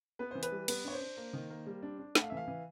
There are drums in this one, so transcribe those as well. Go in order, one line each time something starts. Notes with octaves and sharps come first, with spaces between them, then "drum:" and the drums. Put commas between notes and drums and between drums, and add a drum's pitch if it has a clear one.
B3 B4
E3 C5
B4, drum: hi-hat
G3
B3 B4, drum: cymbal
D4 C#5
C5
D4
A#3
D#3
A#3
G3
D4
D4
A3 F#5, drum: snare
F5
E3 E5
F5
E3